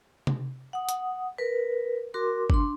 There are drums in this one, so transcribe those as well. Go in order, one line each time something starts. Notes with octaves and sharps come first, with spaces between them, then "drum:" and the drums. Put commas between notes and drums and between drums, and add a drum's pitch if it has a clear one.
drum: tom
F#5 D#6
drum: hi-hat
A#4 B4
F#4 A#4 C6 D6
D4 C6, drum: kick